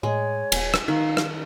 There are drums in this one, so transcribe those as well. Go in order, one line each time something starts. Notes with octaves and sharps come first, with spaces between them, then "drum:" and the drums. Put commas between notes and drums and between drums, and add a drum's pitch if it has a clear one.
A2 G#3 C#5
D#1 F#5 G#5, drum: cymbal
drum: rim click
D#3 D#4 F5
drum: rim click